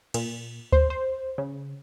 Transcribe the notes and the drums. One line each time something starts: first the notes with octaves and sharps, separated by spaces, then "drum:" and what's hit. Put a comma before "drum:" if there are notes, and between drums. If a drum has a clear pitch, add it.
A#2, drum: cymbal
C5, drum: kick D2
C5
C#3